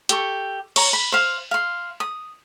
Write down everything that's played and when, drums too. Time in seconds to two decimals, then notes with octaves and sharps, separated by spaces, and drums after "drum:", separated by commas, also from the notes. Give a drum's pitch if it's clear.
0.09 G4 A4 C#6, drum: hi-hat
0.76 C#5 A#5, drum: cymbal
0.93 B5
1.12 C5 F5
1.51 F5 C6
2.00 D#6